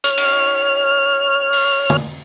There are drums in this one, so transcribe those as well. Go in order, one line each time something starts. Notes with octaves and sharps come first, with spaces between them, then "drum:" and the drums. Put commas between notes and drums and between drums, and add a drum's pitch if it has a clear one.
C#5 F6, drum: hi-hat
drum: cymbal
drum: open hi-hat
drum: tom